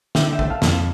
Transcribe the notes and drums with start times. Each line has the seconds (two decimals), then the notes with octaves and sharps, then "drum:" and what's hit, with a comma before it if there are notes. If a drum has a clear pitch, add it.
0.15 D3 E5 G5, drum: snare
0.32 E5 G5
0.39 A3, drum: kick A1
0.50 F5 A5
0.62 F2, drum: snare
0.68 F5 A5